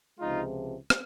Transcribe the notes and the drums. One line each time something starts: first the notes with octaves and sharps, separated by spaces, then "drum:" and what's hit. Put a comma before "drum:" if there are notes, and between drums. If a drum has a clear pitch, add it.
C#2 C3 F3 G#3 D#4 F4
drum: rim click